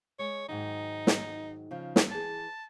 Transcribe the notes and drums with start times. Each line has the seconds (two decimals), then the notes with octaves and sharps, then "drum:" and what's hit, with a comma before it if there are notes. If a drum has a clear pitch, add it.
0.19 G#3 C#5
0.49 G#2 D#3 F#3 D#4
1.07 drum: snare
1.71 C#3 F3 D#4
1.96 drum: snare
2.11 E3 G#4 A5